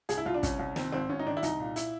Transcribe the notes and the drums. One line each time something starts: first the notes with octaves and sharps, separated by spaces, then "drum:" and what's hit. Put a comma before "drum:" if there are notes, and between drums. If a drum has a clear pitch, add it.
C2 G#4, drum: hi-hat
E4
C2 F4
D4
C2 C#4, drum: kick, hi-hat
C2
D#3 C4, drum: snare
G#1 C4
G#1 C#4
D#4
D#3 D4
E4
C2 D#4, drum: hi-hat
A#2
E4, drum: hi-hat